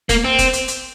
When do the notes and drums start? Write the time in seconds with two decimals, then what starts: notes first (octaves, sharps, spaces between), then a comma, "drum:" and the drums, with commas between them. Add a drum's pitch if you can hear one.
0.09 A#3, drum: kick E1, hi-hat
0.24 C4
0.39 drum: kick E1, hi-hat
0.53 drum: hi-hat
0.68 drum: hi-hat